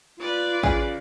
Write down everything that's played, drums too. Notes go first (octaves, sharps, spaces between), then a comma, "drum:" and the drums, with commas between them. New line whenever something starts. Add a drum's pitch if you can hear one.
F4 B4 D5
C#3 G#4, drum: kick